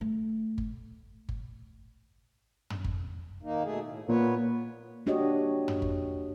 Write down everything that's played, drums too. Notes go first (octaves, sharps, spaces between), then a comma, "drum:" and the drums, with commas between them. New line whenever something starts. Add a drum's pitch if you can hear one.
A3
drum: kick G1
drum: kick G1
drum: tom
drum: kick G1
D#3 A#3 D#4
B2 A3 G#4
A2
A#2 B3 B4 C#5
A#3 D4 F#4 G4 C#5 D#5
drum: tom
drum: kick G1